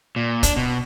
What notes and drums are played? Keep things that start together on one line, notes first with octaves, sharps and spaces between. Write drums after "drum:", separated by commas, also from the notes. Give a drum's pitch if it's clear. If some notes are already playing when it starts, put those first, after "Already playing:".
A#2
D4, drum: kick, hi-hat
B2